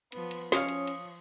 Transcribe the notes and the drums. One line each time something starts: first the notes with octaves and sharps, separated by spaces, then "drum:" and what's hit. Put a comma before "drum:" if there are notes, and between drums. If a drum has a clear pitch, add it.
F3 B3, drum: cymbal
drum: cymbal
F3 C#4 C#5 F5 D#6, drum: snare
drum: cymbal
drum: cymbal